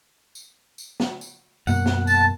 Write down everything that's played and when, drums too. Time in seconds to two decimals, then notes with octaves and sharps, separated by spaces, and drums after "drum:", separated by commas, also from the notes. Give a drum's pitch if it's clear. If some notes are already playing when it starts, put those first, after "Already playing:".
0.35 drum: tambourine
0.78 drum: tambourine
1.00 drum: snare
1.21 drum: tambourine
1.67 F#2 B2 A#3 F#5, drum: tambourine
1.86 drum: snare
2.07 A5, drum: tambourine